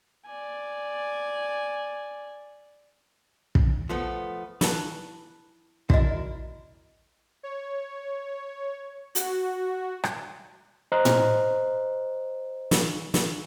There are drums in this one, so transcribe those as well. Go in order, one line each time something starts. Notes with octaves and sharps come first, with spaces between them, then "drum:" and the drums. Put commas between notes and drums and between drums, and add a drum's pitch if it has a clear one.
D5 G#5
drum: kick
F3 A3 B3
E4 B4 A5, drum: snare
E4 F#4 A#4 D5 D#5, drum: kick
C#5
F#4, drum: hi-hat
drum: rim click
C5 D#5 A#5 F6 F#6
drum: tom A2
drum: snare
drum: snare